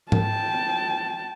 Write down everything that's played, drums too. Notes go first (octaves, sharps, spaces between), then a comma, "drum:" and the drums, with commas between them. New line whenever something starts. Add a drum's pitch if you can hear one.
G5 A5, drum: tom G#2